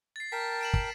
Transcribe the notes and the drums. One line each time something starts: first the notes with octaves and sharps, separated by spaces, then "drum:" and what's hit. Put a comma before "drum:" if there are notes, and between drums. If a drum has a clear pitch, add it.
A6 C7
A#4 G5 A5 B6
D7 E7 F#7
drum: kick